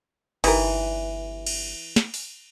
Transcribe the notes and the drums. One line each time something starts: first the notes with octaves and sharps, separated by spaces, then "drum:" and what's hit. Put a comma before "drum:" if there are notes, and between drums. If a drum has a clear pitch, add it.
G1 E3 D#4 G4 A#4, drum: cymbal
drum: cymbal
drum: snare
drum: open hi-hat